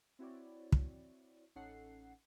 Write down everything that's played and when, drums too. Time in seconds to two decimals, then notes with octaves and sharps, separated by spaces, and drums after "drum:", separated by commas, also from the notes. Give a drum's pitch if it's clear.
0.19 C4 E4 F#4 C#5 D5
0.72 drum: kick
1.55 A1 C#4 D#4 A4 F#5 C7